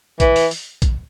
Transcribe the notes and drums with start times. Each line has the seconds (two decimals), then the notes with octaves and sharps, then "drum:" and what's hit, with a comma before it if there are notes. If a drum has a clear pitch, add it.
0.20 E3, drum: kick, hi-hat
0.36 drum: open hi-hat
0.51 drum: open hi-hat
0.82 drum: kick, hi-hat